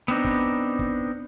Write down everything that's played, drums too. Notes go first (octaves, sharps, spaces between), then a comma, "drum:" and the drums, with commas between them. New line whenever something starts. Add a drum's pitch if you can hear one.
B3 C4 D4 D#4
drum: kick
drum: kick